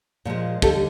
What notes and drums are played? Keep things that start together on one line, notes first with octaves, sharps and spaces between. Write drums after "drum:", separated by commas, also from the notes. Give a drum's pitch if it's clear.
A#2 F3 G#3
D#2 D3 G3 G4 A4, drum: kick